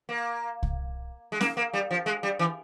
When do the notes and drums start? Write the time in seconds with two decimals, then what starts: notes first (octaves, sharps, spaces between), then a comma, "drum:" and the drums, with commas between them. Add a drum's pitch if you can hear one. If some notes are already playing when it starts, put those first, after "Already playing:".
0.09 A#3
0.63 drum: kick C2
1.32 G#3
1.41 A#3, drum: snare C#4
1.57 A#3
1.73 G3
1.91 F3
2.06 G#3
2.23 G3
2.39 E3